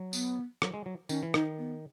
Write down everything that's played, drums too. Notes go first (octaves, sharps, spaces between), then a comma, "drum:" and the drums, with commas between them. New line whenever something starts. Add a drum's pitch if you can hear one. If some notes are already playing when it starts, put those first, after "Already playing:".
Already playing: F#3
B3, drum: tambourine
F#3, drum: rim click
G#3
F#3
D#3 C#4, drum: tambourine
E3
D#3 D#4, drum: rim click
B3